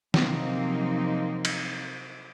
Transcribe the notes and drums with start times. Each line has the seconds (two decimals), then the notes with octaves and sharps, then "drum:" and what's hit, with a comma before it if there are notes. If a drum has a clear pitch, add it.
0.14 C3 F3 F#3 A#3 C4 D#4, drum: snare
1.45 drum: cymbal